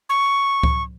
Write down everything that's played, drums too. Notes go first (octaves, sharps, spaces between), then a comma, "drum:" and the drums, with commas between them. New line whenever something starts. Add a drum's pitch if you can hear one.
C#6
drum: kick C#2